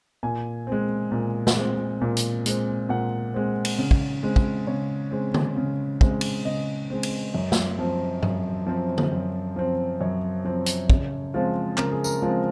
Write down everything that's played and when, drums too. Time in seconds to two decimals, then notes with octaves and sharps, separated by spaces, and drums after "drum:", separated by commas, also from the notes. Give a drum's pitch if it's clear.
0.23 A#2 G#5
0.67 G#3 C4
1.12 A#2
1.47 drum: snare
1.56 G#3 C4
2.01 A#2
2.17 drum: hi-hat
2.46 G#3 C4, drum: hi-hat
2.89 A#2 F#5
3.34 G#3 C4
3.65 drum: cymbal
3.78 C#3
3.91 drum: kick
4.23 G#3 C4
4.36 drum: kick
4.67 C#3 C#5
5.11 G#3 C4
5.34 drum: tom D3
5.57 C#3
6.01 G#3 C4, drum: kick
6.21 drum: cymbal
6.45 C#3 D#5
6.90 G#3 C4
7.03 drum: cymbal
7.34 F#2
7.52 drum: snare
7.79 F3 C4
8.22 F#2, drum: tom G2
8.67 F3 C4
8.98 drum: tom D3
9.12 F#2
9.56 F3 C4
10.01 F#2 C#5
10.45 F3 C4
10.66 drum: hi-hat
10.90 C#3, drum: kick
11.34 F3 G#3 C4 F4
11.78 C#3 A#4, drum: clap
11.91 G#4
12.04 A#4, drum: tambourine
12.22 F3 G#3 C4 F4